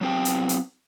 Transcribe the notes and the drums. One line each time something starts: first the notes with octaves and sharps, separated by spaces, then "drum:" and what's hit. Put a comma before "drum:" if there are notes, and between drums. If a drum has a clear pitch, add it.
F#3 B3 C4 G4 G5
drum: hi-hat
drum: hi-hat